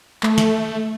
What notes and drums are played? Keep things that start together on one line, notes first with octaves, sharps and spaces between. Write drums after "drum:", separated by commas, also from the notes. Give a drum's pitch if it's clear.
A3, drum: clap
drum: snare